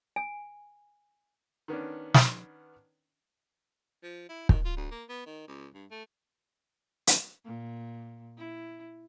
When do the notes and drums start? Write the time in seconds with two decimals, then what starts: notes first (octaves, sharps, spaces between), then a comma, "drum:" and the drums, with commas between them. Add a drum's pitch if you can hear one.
0.16 G#5
1.68 D#3 B3 C#4 D4
2.14 drum: snare
4.03 F3
4.29 E4
4.49 D#3, drum: kick
4.65 F4
4.77 D2
4.91 A#3
5.09 B3
5.26 D#3
5.48 C#2
5.74 G2
5.91 A3
7.07 drum: hi-hat
7.45 A#2
8.38 E4